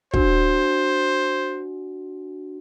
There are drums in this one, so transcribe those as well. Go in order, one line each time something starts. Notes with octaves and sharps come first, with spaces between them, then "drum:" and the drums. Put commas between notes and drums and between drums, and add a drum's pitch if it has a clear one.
D4 F#4 C5, drum: kick